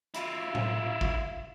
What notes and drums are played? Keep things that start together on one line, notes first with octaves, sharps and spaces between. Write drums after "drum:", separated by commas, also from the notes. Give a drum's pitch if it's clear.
E4 F4, drum: hi-hat
drum: tom A2
drum: kick